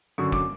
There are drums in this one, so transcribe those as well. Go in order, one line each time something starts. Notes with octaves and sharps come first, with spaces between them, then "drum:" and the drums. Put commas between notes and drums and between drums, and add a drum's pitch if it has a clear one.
F#2 D3 F#3 C#6
D6, drum: kick